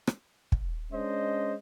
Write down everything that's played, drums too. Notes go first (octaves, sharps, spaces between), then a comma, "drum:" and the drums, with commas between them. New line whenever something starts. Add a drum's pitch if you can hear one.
drum: rim click
drum: kick
G#3 C#4 D4 C5 D#5